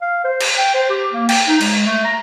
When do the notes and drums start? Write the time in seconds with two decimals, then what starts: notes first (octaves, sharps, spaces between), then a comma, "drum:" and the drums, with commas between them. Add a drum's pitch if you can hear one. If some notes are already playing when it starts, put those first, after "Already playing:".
0.01 F5
0.24 C5
0.40 drum: cymbal
0.58 G5
0.74 C5
0.90 G4
1.13 A#3
1.29 G5, drum: cymbal
1.48 D#4
1.61 G#3, drum: cymbal
1.86 A3
2.05 A#5